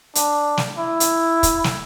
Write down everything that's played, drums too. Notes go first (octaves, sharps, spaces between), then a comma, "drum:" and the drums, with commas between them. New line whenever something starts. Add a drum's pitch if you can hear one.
D4, drum: hi-hat
drum: snare
E4
drum: hi-hat
drum: kick, hi-hat
drum: snare